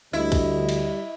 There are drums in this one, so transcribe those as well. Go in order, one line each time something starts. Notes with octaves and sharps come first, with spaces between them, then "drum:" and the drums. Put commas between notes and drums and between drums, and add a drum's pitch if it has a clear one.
D2 G3 E4 D#5
drum: kick A#1, cymbal
drum: cymbal